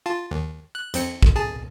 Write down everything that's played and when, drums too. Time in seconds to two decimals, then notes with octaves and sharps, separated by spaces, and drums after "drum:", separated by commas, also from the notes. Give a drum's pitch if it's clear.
0.06 F4 A5
0.31 D#2
0.75 F#6
0.94 F2 C4 C#7, drum: hi-hat
1.23 drum: kick
1.36 G#4 A5